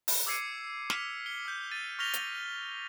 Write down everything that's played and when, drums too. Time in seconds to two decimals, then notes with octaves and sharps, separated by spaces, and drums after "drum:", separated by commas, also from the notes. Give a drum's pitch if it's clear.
0.08 drum: open hi-hat
0.26 D6 E6 G#6 C7 C#7 D#7
0.90 F6 B6 F7, drum: snare
1.26 C#7 G7
1.46 E6 G6
1.71 A6 D#7
1.99 C#6 F6 A#6 B6 F7 G7
2.14 drum: hi-hat